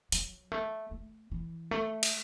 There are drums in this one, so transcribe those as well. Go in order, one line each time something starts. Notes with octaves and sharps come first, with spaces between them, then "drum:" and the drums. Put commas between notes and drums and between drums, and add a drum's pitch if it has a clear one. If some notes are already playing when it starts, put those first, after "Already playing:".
F#3, drum: hi-hat
A3
A3
E3
A3
drum: cymbal